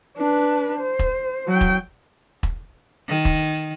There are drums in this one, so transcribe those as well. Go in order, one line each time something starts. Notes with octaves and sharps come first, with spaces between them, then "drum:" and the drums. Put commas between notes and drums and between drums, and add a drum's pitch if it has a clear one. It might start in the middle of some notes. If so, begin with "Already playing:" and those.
D4 B4
C5
drum: kick E1
F#3 G5
drum: kick E1
drum: kick E1
D#3
drum: kick E1